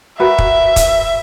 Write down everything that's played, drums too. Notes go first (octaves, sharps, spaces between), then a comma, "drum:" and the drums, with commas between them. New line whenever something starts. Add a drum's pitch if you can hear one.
F#4 A#4 B4 E5
drum: kick
drum: kick, hi-hat